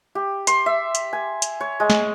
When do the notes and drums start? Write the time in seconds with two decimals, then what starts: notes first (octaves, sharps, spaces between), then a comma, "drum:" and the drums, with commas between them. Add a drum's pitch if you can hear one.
0.15 G4
0.47 C6, drum: hi-hat
0.66 E5
0.95 drum: hi-hat
1.13 G#5
1.42 drum: hi-hat
1.61 C#5
1.80 G#3
1.90 drum: snare